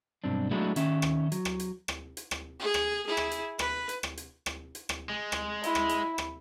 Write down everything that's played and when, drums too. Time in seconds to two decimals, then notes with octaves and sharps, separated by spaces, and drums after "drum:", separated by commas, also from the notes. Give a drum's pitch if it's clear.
0.24 B1 G2 C4 D4
0.51 F#3 G#3 A3 B3 D4 E4
0.76 D#3 C#4 E5, drum: hi-hat
1.02 drum: rim click
1.32 F#3, drum: hi-hat
1.45 drum: rim click
1.60 drum: hi-hat
1.88 drum: rim click
2.17 drum: hi-hat
2.31 drum: rim click
2.60 G#4
2.74 drum: rim click
3.07 E4 G#4
3.17 drum: rim click
3.31 drum: hi-hat
3.59 B4, drum: rim click
3.89 drum: hi-hat
4.03 drum: rim click
4.17 drum: hi-hat
4.46 drum: rim click
4.75 drum: hi-hat
4.89 drum: rim click
5.10 G#3
5.32 drum: rim click
5.64 E4, drum: hi-hat
5.75 drum: rim click
5.89 drum: hi-hat
6.18 drum: rim click